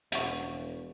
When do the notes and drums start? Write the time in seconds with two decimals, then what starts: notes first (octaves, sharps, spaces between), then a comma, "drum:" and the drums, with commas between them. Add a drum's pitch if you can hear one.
0.12 E1 E5 F#5 C#6, drum: hi-hat